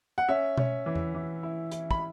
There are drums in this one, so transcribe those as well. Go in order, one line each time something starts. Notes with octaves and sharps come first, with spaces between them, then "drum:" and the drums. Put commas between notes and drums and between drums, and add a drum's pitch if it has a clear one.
F#5
C#4 E5
C#4, drum: tom B2
E3
drum: tom E2
E3
E4
E4, drum: hi-hat
B5, drum: kick